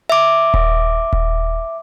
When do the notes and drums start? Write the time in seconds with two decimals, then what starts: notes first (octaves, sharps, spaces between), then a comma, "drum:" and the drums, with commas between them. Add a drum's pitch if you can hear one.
0.10 E5 D6
0.54 drum: kick D#1
1.13 drum: kick D#1